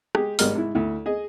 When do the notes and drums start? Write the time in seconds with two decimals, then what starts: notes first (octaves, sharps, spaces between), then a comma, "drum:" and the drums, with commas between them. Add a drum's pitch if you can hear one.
0.15 G#3 G4 G#4, drum: rim click
0.39 G#1 G3 G#3 A#4 D#5 F6, drum: open hi-hat
0.55 G#2 E4
0.75 D2 E4
1.06 G#4 D#5